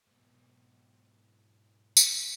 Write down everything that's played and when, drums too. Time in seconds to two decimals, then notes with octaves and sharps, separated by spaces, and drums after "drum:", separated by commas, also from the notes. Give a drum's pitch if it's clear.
0.07 G#2 B2
1.97 drum: tambourine